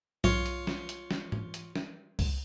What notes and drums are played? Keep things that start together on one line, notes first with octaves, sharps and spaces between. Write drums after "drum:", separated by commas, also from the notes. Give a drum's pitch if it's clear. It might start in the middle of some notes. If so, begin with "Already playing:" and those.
B1 F4 C#5, drum: tom G#2
drum: hi-hat
drum: snare
drum: hi-hat
drum: snare
drum: tom G#2
drum: hi-hat
drum: snare
drum: kick, open hi-hat